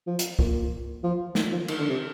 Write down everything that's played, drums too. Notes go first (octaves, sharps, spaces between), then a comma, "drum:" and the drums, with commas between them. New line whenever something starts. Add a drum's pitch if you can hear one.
F3
drum: hi-hat
A#2, drum: kick
F3
D#3, drum: snare
F3
D#3, drum: cymbal
D3
C3